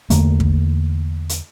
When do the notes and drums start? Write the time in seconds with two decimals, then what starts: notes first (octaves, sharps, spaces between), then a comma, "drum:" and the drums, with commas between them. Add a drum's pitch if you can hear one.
0.10 E2 D3 A3 A#3, drum: hi-hat
0.40 drum: kick
1.29 drum: hi-hat